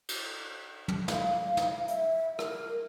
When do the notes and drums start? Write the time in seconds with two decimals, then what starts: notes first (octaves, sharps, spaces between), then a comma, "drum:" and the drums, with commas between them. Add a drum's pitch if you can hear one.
0.09 drum: cymbal
0.88 drum: tom
1.08 F5, drum: snare
1.57 drum: snare
1.88 E5, drum: hi-hat
2.39 A#4, drum: rim click